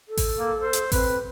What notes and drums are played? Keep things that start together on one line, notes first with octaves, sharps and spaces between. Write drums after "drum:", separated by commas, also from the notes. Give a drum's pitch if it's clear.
A4
drum: kick A1, open hi-hat
A#3
C5
drum: hi-hat
C4 B4, drum: kick A1, open hi-hat